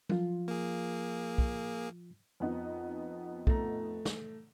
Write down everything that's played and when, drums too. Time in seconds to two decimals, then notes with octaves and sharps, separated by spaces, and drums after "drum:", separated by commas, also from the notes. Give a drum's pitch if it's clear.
0.09 F3 F4, drum: tom F#3
0.48 A#3 G#4
1.38 drum: kick B1
2.40 F2 B3 D#4
3.47 A3 A#5, drum: kick B1
4.05 drum: snare